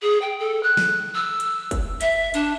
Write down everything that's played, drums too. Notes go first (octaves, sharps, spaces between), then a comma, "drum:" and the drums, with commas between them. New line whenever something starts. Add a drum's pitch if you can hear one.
G#4
G5
A4
F#6
drum: snare
E6
drum: hi-hat
drum: kick, hi-hat
E5, drum: hi-hat
D4, drum: hi-hat